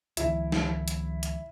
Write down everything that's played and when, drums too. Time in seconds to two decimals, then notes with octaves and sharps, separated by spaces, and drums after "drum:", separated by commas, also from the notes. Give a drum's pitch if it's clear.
0.17 C#2 D#3 F3 E4, drum: hi-hat
0.52 drum: snare
0.88 drum: hi-hat
1.23 drum: hi-hat